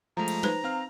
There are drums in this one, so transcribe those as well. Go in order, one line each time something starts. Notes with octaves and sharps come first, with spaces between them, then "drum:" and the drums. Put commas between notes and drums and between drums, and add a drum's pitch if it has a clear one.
F3 G#3 A3 A#5
drum: cymbal
D#4 B4 C5, drum: snare
C4 F5 F6